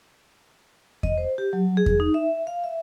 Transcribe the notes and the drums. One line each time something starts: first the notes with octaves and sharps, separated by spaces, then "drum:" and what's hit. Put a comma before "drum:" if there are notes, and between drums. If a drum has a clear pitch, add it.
D#5, drum: kick E2
C5
G4
F#3
G#4
drum: kick E2
D#4
E5
F5
E5